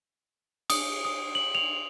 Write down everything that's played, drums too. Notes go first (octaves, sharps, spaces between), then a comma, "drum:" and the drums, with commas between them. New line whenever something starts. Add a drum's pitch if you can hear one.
D#6, drum: cymbal
D#6
F#7
F7